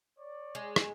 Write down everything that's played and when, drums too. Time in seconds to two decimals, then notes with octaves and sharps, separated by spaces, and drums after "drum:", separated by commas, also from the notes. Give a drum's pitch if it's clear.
0.19 C#5 D5
0.55 G#3
0.76 drum: rim click